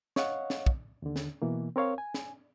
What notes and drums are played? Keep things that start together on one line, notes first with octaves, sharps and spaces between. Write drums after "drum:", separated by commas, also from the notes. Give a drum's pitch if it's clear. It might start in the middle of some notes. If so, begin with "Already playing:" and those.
C#5 D#5 F5 F#5, drum: snare
drum: snare
drum: kick
D#2 D3
drum: snare
B2 E3 A#3
C4 A#4 C#5 F5
G#5
drum: snare